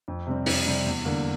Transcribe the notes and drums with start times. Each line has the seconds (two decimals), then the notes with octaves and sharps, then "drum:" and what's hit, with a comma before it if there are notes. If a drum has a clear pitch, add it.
0.08 F2
0.27 C3 G3 C4
0.46 F2, drum: open hi-hat
0.66 C3 G3 C4
0.86 E2
1.05 D3 G3 A#3